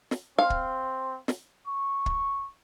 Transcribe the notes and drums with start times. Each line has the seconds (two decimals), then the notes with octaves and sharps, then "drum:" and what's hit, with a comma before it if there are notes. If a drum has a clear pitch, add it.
0.11 drum: snare
0.38 C4 F5
0.50 drum: kick
1.28 drum: snare
1.67 C#6
2.06 drum: kick